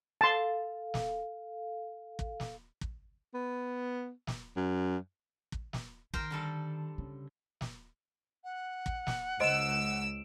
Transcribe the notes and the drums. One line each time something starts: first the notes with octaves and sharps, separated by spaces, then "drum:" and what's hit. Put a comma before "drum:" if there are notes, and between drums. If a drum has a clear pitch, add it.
A4 F5 A5 C6
drum: snare
drum: kick
drum: snare
drum: kick
B3
drum: snare
F#2
drum: kick
drum: snare
D#3 A#4 C5 G5, drum: kick
D3 G3 A4
C#3
drum: snare
F#5
drum: kick
drum: snare
C#2 C5 D#5 C6 E6 D7 E7